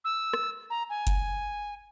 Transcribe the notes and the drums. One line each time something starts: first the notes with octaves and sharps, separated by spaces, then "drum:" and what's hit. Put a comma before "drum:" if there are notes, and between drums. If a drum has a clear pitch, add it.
E6
drum: rim click
A#5
G#5
drum: kick F#1, hi-hat